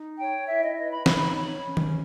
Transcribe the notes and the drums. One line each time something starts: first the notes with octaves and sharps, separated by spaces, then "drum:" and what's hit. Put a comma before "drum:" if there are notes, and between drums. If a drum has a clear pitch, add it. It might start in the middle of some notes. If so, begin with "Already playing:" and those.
Already playing: D#4
C#5 G5
E4 E5
D#5
B4 D#5
B5
D#4 B5, drum: snare
C#5 B5
C#4
drum: tom D#3